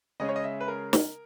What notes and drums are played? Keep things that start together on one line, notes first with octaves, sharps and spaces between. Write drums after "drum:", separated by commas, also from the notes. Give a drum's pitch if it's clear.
C#3 G#3 C#4 D#5
C#5
D#5
E5
B4
A#4
drum: snare